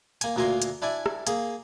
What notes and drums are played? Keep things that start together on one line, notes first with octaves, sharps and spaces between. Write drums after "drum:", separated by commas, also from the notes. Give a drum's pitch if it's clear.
A#3 G#5, drum: hi-hat
D2 A#2 A#3 A#4 G#5 C6
drum: hi-hat
D4 E4 D5 G#5
drum: rim click
A#3 G#4, drum: hi-hat